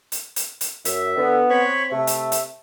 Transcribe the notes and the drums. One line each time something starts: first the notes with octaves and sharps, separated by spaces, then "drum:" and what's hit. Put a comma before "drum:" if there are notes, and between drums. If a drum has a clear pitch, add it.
drum: hi-hat
drum: hi-hat
drum: hi-hat
F#2 E5, drum: hi-hat
D3 B3
C4 C#5 B5 C#6
C3 A3 E5
drum: hi-hat
drum: hi-hat